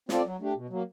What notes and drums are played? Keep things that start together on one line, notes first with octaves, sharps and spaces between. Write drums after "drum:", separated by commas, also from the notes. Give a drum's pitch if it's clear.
C4 F4 A4 D5, drum: snare
F#3
A3 D4 G4
B2
F#3 A#3